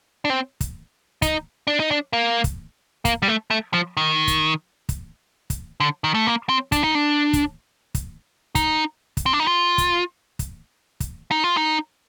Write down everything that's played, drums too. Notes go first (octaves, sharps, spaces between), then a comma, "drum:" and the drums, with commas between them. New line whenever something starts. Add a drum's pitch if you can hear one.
D4
C4
drum: kick, hi-hat
D#4, drum: kick, hi-hat
D4
D#4
D4
A#3
drum: kick, hi-hat
A#3, drum: kick, hi-hat
G3
A3
A3
F3
D#3
drum: kick, hi-hat
drum: kick, hi-hat
drum: kick, hi-hat
D3
D#3
A3
A#3
C4
D4, drum: kick, hi-hat
D#4
D4
drum: kick, hi-hat
drum: kick, hi-hat
D#4, drum: kick, hi-hat
drum: kick, hi-hat
C4
D4
D#4
F4
drum: kick, hi-hat
drum: kick, hi-hat
drum: kick, hi-hat
D#4
F4
D#4